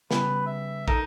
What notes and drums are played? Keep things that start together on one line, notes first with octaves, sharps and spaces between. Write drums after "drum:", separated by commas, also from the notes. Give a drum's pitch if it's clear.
C#3 G3 B3 B4, drum: snare
E5
D#4 A4 A#4, drum: kick